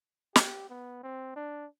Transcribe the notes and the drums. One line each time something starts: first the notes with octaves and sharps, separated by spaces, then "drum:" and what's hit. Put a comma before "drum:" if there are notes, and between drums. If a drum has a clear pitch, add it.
G4, drum: snare
B3
C4
D4